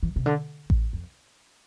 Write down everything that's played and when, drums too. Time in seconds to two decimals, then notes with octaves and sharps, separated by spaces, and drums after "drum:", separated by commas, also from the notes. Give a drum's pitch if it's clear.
0.03 E3
0.16 C3
0.26 D3
0.70 A2, drum: kick A1
0.93 F2